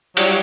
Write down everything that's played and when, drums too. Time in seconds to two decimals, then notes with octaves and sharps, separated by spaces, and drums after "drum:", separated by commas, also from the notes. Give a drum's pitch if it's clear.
0.17 F#3 G3, drum: cymbal